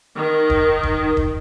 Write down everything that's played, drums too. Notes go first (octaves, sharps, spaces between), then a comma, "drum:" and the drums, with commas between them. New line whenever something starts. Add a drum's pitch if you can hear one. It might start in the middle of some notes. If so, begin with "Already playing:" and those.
D#3
drum: kick D#1
drum: kick D#1
drum: kick D#1